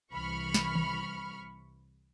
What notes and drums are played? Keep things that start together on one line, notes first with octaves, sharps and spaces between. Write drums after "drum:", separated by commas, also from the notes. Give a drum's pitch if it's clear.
C2 E3 B5 C#6 F6
drum: snare
drum: tom D#3